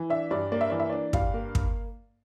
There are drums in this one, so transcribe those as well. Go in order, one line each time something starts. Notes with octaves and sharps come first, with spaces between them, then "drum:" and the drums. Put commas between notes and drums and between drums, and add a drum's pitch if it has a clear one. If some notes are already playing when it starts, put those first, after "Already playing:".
Already playing: E3
D4 E5
G2 D5
A#3 D5
E5
E3 D5
E5
D4 D5
G2 F5, drum: kick
A#3
drum: kick